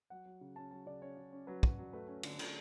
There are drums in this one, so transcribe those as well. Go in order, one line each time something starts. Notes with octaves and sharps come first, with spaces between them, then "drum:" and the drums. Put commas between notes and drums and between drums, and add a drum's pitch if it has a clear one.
F#3 F#5
F#3
C#3
C#4 A5
F#3 A5
C#3 D5
C#4 C#5
C#3
C#4
F#3 B4
F#3, drum: kick
F#3
A3 B4
C#4
D3, drum: cymbal
D3, drum: cymbal